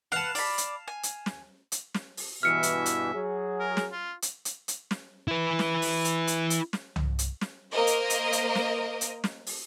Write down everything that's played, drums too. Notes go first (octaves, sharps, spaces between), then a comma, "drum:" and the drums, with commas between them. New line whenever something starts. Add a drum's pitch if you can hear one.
B4 F5 F#5 A5
D5 B5, drum: open hi-hat
drum: hi-hat
G#5
drum: hi-hat
drum: snare
drum: hi-hat
drum: snare
drum: open hi-hat
G2 B2 E3 E5 F6 C#7
drum: hi-hat
drum: hi-hat
F#3 F#4 G#4
A#4
drum: snare
F4
drum: hi-hat
drum: hi-hat
drum: hi-hat
drum: snare
E4 B4
drum: snare
drum: open hi-hat
drum: hi-hat
drum: hi-hat
drum: hi-hat
drum: snare
drum: tom C2
drum: hi-hat
drum: snare
A#3 A#4 C5 D#5
drum: hi-hat
drum: hi-hat
drum: hi-hat
drum: snare
drum: hi-hat
drum: snare
drum: open hi-hat